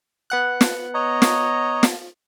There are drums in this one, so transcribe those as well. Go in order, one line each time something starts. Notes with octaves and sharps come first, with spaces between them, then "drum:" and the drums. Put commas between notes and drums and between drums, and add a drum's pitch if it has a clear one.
B3 F#5 F#6
drum: snare
C#5 D#5 A#5
drum: snare
drum: snare